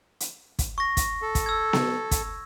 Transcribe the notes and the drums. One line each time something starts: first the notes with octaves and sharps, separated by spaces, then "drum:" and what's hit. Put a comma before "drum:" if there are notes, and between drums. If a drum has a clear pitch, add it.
drum: hi-hat
drum: kick, hi-hat
C#6 A#6
drum: kick, hi-hat
A4
drum: kick, hi-hat
E6 G#6
drum: snare B3
drum: kick, hi-hat